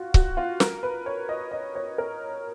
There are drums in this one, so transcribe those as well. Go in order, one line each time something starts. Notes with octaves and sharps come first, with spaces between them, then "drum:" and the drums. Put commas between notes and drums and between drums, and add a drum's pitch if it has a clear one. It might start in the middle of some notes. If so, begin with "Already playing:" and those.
Already playing: F4 F#4
F#4, drum: kick C#1
F4
A#4, drum: snare
B4
C#5
D#5
D#5
C#5
A#4